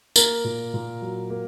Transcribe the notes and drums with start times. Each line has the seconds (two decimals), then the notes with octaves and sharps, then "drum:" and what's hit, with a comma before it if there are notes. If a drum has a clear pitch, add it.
0.16 A#3 A#4, drum: tambourine
0.44 A#2
0.74 A#2
1.02 F#3
1.30 A#3